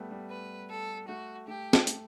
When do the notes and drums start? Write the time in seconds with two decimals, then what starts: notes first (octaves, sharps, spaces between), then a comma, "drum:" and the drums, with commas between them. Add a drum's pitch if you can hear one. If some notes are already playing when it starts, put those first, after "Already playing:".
Already playing: G3 A3 B3
0.11 G3
0.30 B4
0.70 A4
1.08 A3 F#4
1.48 A3 G4
1.73 drum: snare
1.87 A3, drum: hi-hat